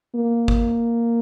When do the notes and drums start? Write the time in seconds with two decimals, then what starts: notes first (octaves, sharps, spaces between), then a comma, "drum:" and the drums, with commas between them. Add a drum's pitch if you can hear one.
0.16 A#3
0.48 drum: kick